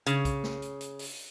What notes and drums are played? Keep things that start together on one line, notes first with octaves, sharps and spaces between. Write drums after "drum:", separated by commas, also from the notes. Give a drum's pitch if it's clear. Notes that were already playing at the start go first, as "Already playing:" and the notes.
C#3, drum: hi-hat
drum: kick B1, hi-hat
drum: snare
drum: hi-hat
drum: hi-hat
drum: open hi-hat